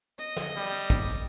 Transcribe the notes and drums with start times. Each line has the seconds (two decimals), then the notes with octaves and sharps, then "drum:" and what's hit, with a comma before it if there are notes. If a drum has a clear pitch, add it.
0.19 D#5, drum: hi-hat
0.36 drum: snare
0.57 G3, drum: hi-hat
0.72 drum: hi-hat
0.90 drum: kick, hi-hat
1.08 drum: hi-hat